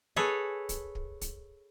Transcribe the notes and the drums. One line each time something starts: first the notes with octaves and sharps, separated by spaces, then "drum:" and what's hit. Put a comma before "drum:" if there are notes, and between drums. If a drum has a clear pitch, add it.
G#4 A4 B4 C#5 G#5, drum: snare
drum: kick, hi-hat
drum: kick
drum: kick, hi-hat